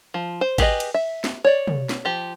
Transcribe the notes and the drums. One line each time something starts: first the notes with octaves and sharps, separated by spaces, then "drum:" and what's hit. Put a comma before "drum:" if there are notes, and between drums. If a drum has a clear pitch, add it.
F3
C5
G4 G#4 B4 D#5, drum: kick G#1, cymbal
drum: cymbal
E5
drum: snare
C#5 D5
drum: tom
drum: snare
F3 G4